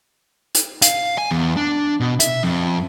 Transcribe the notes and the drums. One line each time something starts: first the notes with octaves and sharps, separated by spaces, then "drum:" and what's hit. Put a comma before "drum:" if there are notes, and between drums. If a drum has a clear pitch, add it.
drum: hi-hat
F5, drum: hi-hat
G#5
E2
D4
B2
E5, drum: hi-hat
F2